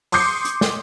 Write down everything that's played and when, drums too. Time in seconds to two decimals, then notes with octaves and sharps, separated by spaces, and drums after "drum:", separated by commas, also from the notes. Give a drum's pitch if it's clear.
0.12 C6 D6 D#6 G6 C7 C#7, drum: open hi-hat
0.45 drum: hi-hat
0.61 drum: snare